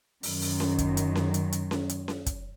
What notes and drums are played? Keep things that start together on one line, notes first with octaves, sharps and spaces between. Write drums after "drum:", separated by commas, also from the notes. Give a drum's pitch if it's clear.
F#2 D#3, drum: open hi-hat
drum: open hi-hat
drum: snare C#4
drum: kick, hi-hat
drum: hi-hat
drum: snare C#4
drum: hi-hat
drum: hi-hat
drum: snare C#4
drum: hi-hat
drum: snare C#4
drum: kick, hi-hat